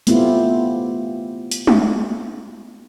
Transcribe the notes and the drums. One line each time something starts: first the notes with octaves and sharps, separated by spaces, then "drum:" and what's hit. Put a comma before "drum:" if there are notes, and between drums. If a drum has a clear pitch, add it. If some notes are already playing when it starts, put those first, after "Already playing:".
A3 B3 C4 E4 F4 G4, drum: hi-hat
drum: hi-hat
drum: tom